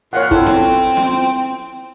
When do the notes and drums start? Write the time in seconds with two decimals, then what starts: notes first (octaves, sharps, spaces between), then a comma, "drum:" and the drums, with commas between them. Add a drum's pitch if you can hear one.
0.13 A#2 C#5 F5 F#5
0.31 C4 E4 A4, drum: kick
0.47 drum: snare
0.97 drum: snare